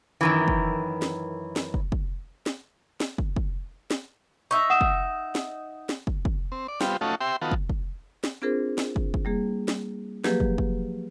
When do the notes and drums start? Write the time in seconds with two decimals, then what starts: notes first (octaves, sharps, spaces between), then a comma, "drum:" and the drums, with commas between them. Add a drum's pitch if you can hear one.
0.21 F#2 D#3 E3
0.48 drum: kick
1.02 drum: snare
1.56 drum: snare
1.74 drum: kick
1.92 drum: kick
2.46 drum: snare
3.00 drum: snare
3.18 drum: kick
3.36 drum: kick
3.91 drum: snare
4.51 D#4 E5 C#6
4.70 F#5 D#6 E7
4.81 drum: kick
5.35 drum: snare
5.89 drum: snare
6.07 drum: kick
6.25 drum: kick
6.52 C4
6.68 D5
6.81 G3 B3 C4 F4 G4, drum: snare
7.01 A3 C#4 D#4 F4 F#4 A4
7.21 G4 C5 E5 G5 C6
7.42 D#3 B3 F4 F#4 A4
7.51 drum: kick
7.70 drum: kick
8.24 drum: snare
8.42 C4 D4 F4 G#4 A#4 C5
8.78 drum: snare
8.96 drum: kick
9.14 drum: kick
9.25 G3 A#3 G#4
9.68 drum: snare
10.24 F3 F#3 A#3 G4 G#4 B4, drum: snare
10.40 drum: kick
10.58 drum: kick